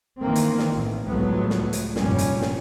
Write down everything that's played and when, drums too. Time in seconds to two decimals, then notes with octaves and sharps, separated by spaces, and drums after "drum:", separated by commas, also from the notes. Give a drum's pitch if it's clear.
0.20 D#3 E3 A#3 C4
0.35 drum: hi-hat
0.58 drum: snare
0.73 A1
1.08 C#2 A2 F3 F#3 A3 B3
1.50 drum: snare
1.73 drum: hi-hat
1.96 F1 G2 A#2 G3 C#4, drum: snare
2.18 drum: hi-hat
2.41 drum: snare